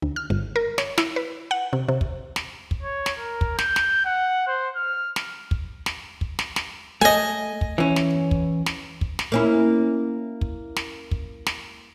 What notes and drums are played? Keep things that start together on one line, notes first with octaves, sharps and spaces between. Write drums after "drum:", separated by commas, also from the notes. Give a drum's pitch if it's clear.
D2
F6
G1
A#4
C#5, drum: snare
E4, drum: snare
B4
F#5
C3
C3
drum: kick
drum: snare
drum: kick
C#5
drum: snare
A#4
drum: kick
G6, drum: snare
drum: snare
F#5
C5
F6
drum: snare
drum: kick
drum: snare
drum: kick
drum: snare
drum: snare
A3 D#5 G#5
drum: kick
E3 C#4
drum: snare
drum: kick
drum: snare
drum: kick
drum: snare
A#3 C#4 E4
drum: kick
drum: snare
drum: kick
drum: snare